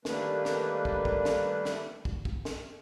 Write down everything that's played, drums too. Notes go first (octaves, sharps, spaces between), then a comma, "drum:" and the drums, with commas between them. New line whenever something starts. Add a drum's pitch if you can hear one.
D#3 G3 A3 A#3 D4 B4, drum: snare
drum: snare
drum: kick
drum: kick
drum: snare
drum: snare
drum: kick
drum: kick
drum: snare